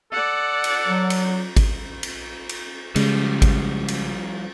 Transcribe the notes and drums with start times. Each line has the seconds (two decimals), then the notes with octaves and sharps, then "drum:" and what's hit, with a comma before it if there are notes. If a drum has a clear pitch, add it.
0.12 A4 D5 F#5
0.64 drum: cymbal
0.87 F#3
1.10 drum: cymbal
1.56 drum: kick G#1, cymbal
2.03 drum: cymbal
2.49 drum: cymbal
2.96 C#3 F3 G3 G#3, drum: cymbal
3.42 drum: kick G#1, cymbal
3.88 drum: cymbal